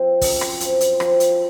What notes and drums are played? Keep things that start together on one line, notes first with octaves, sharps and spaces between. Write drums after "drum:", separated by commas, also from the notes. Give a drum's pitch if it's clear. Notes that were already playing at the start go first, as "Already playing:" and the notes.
Already playing: F3 C4
F#2, drum: kick, open hi-hat
drum: rim click
F3, drum: hi-hat
drum: hi-hat
F3, drum: rim click
drum: hi-hat